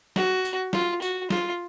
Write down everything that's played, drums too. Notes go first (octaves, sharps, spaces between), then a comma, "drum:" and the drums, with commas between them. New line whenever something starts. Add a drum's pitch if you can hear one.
F#4, drum: snare
drum: tambourine
F4, drum: snare
F#4, drum: tambourine
F4, drum: snare